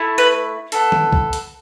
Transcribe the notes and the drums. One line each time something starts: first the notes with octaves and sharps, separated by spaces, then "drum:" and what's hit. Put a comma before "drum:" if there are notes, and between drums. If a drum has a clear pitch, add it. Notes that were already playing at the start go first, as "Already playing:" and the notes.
Already playing: A3 E4
B4
B3 A4, drum: hi-hat
drum: tom D#3
drum: kick
drum: hi-hat